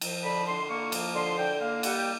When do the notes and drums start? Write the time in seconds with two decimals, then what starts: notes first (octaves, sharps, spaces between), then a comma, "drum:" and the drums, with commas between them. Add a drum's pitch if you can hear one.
0.01 F3, drum: cymbal
0.23 D3 B5
0.46 D3 C6
0.69 A#3 C#6
0.92 F3, drum: cymbal
1.15 D3 C6
1.37 D3 G5
1.60 A#3 F5
1.83 G3 F#5, drum: cymbal
1.97 G5